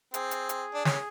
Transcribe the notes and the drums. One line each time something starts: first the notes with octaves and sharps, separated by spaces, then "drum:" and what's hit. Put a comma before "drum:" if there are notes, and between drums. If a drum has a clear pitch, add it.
C4 G#4, drum: hi-hat
drum: hi-hat
drum: hi-hat
D4
C#4, drum: snare